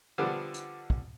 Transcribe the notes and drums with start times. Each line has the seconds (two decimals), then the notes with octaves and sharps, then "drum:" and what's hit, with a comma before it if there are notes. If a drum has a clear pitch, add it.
0.18 D3 F3 G3 B3 D4
0.54 drum: hi-hat
0.90 drum: kick